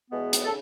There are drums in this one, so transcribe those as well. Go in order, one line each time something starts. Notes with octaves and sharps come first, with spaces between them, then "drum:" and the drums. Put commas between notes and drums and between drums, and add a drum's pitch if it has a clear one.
E2 B2 G#3 B3
drum: hi-hat
C#3 A4